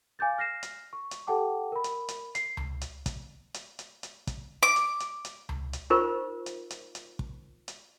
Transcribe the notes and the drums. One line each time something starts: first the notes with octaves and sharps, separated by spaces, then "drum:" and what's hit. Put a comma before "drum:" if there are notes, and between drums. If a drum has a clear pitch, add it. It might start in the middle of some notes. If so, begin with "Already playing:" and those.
F5 G#5 D6 G6 A6
F6 A#6 C7 E7
drum: hi-hat
C#6
drum: hi-hat
G4 A4 F#5 G5 A5 D6
A#4 B5
drum: hi-hat
drum: hi-hat
C7, drum: hi-hat
drum: tom C#2
drum: hi-hat
drum: kick, hi-hat
drum: hi-hat
drum: hi-hat
drum: hi-hat
drum: kick, hi-hat
D6
drum: hi-hat
drum: hi-hat
drum: hi-hat
drum: tom C#2
drum: hi-hat
D#4 F4 A#4 C5 C#6
drum: hi-hat
drum: hi-hat
drum: hi-hat
drum: kick
drum: hi-hat